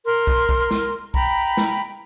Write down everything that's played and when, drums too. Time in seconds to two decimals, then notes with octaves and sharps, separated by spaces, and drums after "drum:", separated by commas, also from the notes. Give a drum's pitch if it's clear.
0.05 A#4 C6
0.27 drum: kick
0.49 drum: kick
0.71 drum: snare
1.14 G5 A#5 B5, drum: kick
1.57 drum: snare